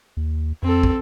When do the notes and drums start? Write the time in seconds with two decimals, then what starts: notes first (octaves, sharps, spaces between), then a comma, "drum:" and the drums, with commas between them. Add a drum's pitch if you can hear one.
0.17 D#2
0.63 F2 C4 A4
0.83 drum: kick